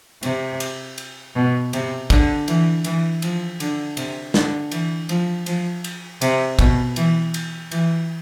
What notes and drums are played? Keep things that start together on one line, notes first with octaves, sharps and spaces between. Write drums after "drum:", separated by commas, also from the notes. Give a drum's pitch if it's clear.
C3, drum: cymbal
drum: cymbal
drum: cymbal
B2
C3, drum: cymbal
D3, drum: kick, cymbal
E3, drum: cymbal
E3, drum: cymbal
F3, drum: cymbal
D3, drum: cymbal
C3, drum: cymbal
D3, drum: snare
E3, drum: cymbal
F3, drum: cymbal
F3, drum: cymbal
drum: cymbal
C3, drum: cymbal
B2, drum: kick, cymbal
E3, drum: cymbal
drum: cymbal
E3, drum: cymbal